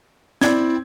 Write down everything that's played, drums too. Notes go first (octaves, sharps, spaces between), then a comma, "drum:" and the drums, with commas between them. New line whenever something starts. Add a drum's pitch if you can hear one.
C4 E4 D5 G#6, drum: snare